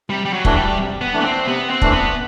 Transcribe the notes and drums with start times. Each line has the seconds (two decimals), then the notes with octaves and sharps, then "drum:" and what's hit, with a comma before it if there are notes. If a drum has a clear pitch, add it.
0.10 C3 G3
0.25 G3
0.33 F#3
0.45 E3 A3 D4, drum: kick
0.56 G3
0.79 C3
1.01 B3
1.13 E3 A3 D4
1.20 B3
1.25 C4
1.47 C3 B3
1.70 C4
1.82 E3 A3 D4, drum: kick
1.93 B3